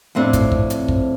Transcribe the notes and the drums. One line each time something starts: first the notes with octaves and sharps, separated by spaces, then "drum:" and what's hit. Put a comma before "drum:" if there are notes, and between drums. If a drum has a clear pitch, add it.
F2 A2 C4 D4
drum: kick, hi-hat
drum: kick
drum: hi-hat
drum: kick